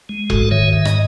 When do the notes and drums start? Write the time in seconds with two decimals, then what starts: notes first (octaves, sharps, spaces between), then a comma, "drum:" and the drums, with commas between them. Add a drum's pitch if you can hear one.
0.09 G#3
0.30 G#2 F#4 A4, drum: kick E1
0.51 D#3 C#5 E5
0.73 G#2 E5
0.85 D#5, drum: rim click